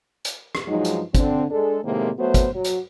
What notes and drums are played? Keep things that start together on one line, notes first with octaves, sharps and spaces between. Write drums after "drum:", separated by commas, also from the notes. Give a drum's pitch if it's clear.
drum: hi-hat
drum: rim click
G2 F3 F#3 G#3 D#4
drum: hi-hat
D3 C4, drum: kick, hi-hat
G#3 D4 A4
A2 C3 D#3 G#3 A#3 C4
F#3 A3 B3 F#4 C5 C#5
drum: kick, hi-hat
F#3
drum: hi-hat